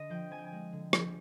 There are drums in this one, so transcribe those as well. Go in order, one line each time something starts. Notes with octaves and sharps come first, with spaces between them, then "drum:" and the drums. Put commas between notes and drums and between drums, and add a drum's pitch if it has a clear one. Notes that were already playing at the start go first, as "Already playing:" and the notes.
Already playing: D3 D#5
F3 G5
C4 G#5
G5
G#5
G#3
D3
F3, drum: rim click